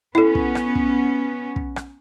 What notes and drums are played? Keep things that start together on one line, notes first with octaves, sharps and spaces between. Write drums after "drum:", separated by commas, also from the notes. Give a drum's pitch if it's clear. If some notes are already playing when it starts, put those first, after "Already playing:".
B3 C#4 E4 A4
drum: kick
drum: rim click
drum: kick
drum: kick
drum: rim click